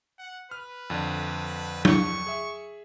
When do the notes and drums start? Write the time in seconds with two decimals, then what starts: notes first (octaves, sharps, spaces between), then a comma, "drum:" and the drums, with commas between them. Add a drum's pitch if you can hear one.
0.18 F#5
0.51 B4 F6
0.90 F2 D3
1.85 C#6, drum: tom F#3
2.27 G#4 E5